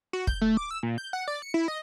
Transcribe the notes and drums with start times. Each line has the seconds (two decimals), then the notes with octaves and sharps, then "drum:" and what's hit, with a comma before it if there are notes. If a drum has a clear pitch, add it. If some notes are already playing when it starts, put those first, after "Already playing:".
0.13 F#4
0.27 G6, drum: kick
0.41 A3
0.57 D6
0.71 E6
0.83 A#2
0.98 G6
1.13 F#5
1.28 D5
1.42 C#7
1.54 E4
1.68 D#5